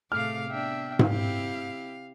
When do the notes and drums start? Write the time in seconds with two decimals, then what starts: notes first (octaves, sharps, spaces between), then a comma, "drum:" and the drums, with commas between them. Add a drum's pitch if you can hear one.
0.12 A2 C3 A3 G#4 F5 D6 F6
0.50 B3 D4 E5 G5
0.99 drum: tom G#2
1.09 C4 E4 G4 F5